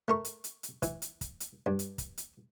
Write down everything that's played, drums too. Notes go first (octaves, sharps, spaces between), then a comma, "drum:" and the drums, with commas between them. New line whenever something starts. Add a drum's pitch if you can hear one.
A3 A#4 C#6
drum: hi-hat
drum: hi-hat
drum: hi-hat
E3, drum: kick, hi-hat
drum: hi-hat
drum: kick, hi-hat
drum: hi-hat
G2
drum: hi-hat
drum: kick, hi-hat
drum: hi-hat